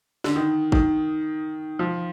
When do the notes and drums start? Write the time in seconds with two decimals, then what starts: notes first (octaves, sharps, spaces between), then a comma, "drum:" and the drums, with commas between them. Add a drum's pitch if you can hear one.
0.24 D3, drum: snare
0.36 D#3
0.72 D#3, drum: kick G#1
1.79 F3